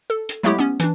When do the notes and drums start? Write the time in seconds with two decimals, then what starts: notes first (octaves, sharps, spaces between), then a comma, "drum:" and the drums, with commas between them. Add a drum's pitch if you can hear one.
0.10 A4
0.29 drum: hi-hat
0.43 F#3 G#3 A3 B3 E4 G4
0.59 B3 C#4
0.80 E3 D4, drum: hi-hat